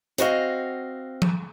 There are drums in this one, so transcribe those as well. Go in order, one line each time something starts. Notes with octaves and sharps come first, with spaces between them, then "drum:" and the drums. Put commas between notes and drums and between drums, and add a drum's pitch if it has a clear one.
C4 F#4 D#5 F5, drum: hi-hat
drum: tom F3